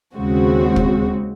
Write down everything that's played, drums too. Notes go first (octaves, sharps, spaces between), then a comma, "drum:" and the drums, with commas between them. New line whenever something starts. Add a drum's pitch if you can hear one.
D#2 C#3 G#3 C4 F#4
drum: kick